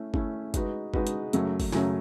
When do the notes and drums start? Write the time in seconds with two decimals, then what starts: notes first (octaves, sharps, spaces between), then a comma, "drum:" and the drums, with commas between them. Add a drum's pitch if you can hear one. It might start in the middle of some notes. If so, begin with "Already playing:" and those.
Already playing: A3 C#4 E4
0.14 A3 C#4 E4, drum: kick
0.54 G#3 D#4 F#4 B4, drum: kick, hi-hat
0.94 G#3 D#4 F#4 B4, drum: kick
1.07 drum: hi-hat
1.33 F#2 C#3 F#3 A3, drum: hi-hat
1.60 drum: kick, open hi-hat
1.73 F#2 C#3 F#3 A3, drum: snare